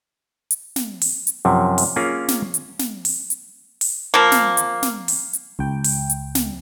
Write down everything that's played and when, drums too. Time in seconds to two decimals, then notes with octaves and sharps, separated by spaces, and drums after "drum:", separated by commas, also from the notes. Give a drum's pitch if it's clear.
0.51 drum: hi-hat
0.76 drum: snare
1.02 drum: open hi-hat
1.27 drum: hi-hat
1.45 F#2 C3 F3
1.78 drum: open hi-hat
1.96 A#3 C#4 F4 G#4 A#4
2.29 drum: snare
2.54 drum: hi-hat
2.79 drum: snare
3.05 drum: open hi-hat
3.30 drum: hi-hat
3.81 drum: open hi-hat
4.14 F3 A#3
4.32 drum: snare
4.57 drum: hi-hat
4.83 drum: snare
5.08 drum: open hi-hat
5.33 drum: hi-hat
5.59 C#2 G5
5.84 drum: open hi-hat
6.10 drum: hi-hat
6.35 drum: snare